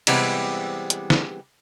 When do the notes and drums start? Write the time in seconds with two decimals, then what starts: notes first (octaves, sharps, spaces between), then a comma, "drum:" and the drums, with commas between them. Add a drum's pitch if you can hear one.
0.07 C3 E3 G3 G#3 B3 C4, drum: cymbal
0.90 drum: hi-hat
1.10 drum: snare